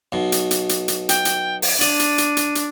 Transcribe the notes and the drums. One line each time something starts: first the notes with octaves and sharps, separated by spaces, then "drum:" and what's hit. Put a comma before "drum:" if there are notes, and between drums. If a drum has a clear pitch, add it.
B1 B2
drum: hi-hat
drum: hi-hat
drum: hi-hat
drum: hi-hat
G5, drum: hi-hat
drum: hi-hat
drum: open hi-hat
D4 D5 D#7, drum: hi-hat
drum: hi-hat
drum: hi-hat
drum: hi-hat
drum: hi-hat